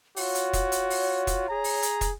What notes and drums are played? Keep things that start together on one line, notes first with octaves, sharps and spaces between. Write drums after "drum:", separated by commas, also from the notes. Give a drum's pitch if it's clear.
F4 F#4 C#5, drum: open hi-hat
drum: hi-hat
drum: kick, hi-hat
drum: hi-hat
drum: open hi-hat
drum: kick, hi-hat
G#4 A#5
drum: open hi-hat
drum: hi-hat
drum: kick, hi-hat